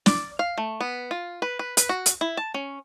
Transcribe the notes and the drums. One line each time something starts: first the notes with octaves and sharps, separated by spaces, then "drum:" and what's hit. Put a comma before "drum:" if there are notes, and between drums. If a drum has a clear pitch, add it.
D5, drum: snare
F5
A3
B3
F4
B4
B4
B4, drum: hi-hat
F#4
drum: hi-hat
E4
A5
C#4